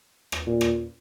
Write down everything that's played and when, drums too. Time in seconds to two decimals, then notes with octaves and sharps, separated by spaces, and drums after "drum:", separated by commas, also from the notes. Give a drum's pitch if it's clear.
0.32 drum: rim click
0.46 A#2
0.61 drum: rim click